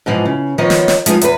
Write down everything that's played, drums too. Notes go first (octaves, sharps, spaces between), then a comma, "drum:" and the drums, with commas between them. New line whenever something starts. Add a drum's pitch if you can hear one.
G#2 B2 E3 F3
C#3
D#3 F3 B3 C#5 D#5
drum: snare
drum: snare
F3 G#3 B3 D#4, drum: hi-hat
E2 B4, drum: hi-hat